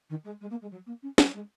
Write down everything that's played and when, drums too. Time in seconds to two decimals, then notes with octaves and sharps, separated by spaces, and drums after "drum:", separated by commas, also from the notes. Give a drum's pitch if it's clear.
0.10 D#3
0.24 G#3
0.41 G#3
0.50 A#3
0.62 G#3
0.71 F#3
0.86 A#3
1.03 C#4
1.18 F#3, drum: snare
1.34 G#3